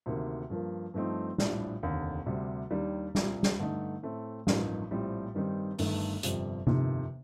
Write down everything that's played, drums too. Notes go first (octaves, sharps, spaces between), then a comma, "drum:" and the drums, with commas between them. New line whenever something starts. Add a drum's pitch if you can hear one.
D2 C3 D#3 A#3
G2 F3 A#3
G2 F3 A3 C4 D#4
A#1 A2 G3 D4, drum: snare
F1 D#2 D3
D2 C3 G3
D#2 D#3 G3 D4
C2 A#2 G3, drum: snare
drum: snare
G2 D3 A3 D#4
A2 A3 C4
A1 G2 F3 A#3 D#4, drum: snare
A#1 A2 G3 C4
G2 D#3 G3 C4 D#4
G1 G2 D#3 A3, drum: open hi-hat
G1 F2 C3 G3, drum: hi-hat
G1 F2 C3 D#3, drum: tom C3